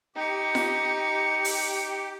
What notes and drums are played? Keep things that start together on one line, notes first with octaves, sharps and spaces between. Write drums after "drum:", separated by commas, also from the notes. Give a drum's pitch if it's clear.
D#4 G4 C#7
drum: snare F4
drum: open hi-hat